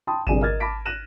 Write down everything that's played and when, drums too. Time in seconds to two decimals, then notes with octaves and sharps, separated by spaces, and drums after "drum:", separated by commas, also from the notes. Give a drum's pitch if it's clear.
0.07 G5 A5 B5 C6 D#6
0.27 G1 C3 G#4 D5 D#7 E7, drum: kick G#1
0.41 A#4 D#5 F6 G#6 A6
0.60 A5 B5 D6 A#6 B6 D7
0.85 F#6 A#6 D#7 E7 F#7